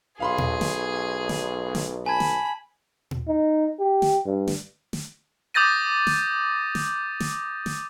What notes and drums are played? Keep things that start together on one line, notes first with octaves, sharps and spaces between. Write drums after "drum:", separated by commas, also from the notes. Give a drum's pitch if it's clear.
B1 G#4 F5 B5 C6
drum: tom A#2
drum: snare
drum: snare
drum: snare
G#5 A5 B5 G#6
drum: snare
drum: tom A#2
D#4
G4
drum: snare
G2
drum: snare
drum: snare
D6 D#6 G6 A6 A#6 D#7
drum: snare
drum: snare
drum: snare
drum: snare